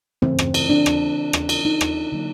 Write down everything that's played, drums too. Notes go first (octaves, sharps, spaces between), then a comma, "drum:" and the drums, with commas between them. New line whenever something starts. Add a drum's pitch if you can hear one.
C#3 E3 A3 C4, drum: tom
drum: rim click
drum: cymbal
D4
drum: rim click
drum: rim click
drum: cymbal
D#4
drum: rim click
D3 F#3 A#3